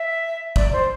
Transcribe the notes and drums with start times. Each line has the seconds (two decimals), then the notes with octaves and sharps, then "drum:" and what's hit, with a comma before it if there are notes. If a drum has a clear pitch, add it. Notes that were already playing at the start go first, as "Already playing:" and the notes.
Already playing: E5
0.56 D5, drum: kick
0.73 C5